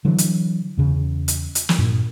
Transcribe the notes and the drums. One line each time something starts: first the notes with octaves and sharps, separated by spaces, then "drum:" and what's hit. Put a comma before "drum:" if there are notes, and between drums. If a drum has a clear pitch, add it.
D3 E3 F#3
drum: hi-hat
E2 C#3
drum: hi-hat
drum: hi-hat
drum: snare
G2 A#2